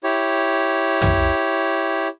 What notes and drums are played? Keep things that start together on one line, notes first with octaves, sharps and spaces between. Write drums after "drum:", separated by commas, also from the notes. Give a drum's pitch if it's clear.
E4 G4 C#5
drum: tom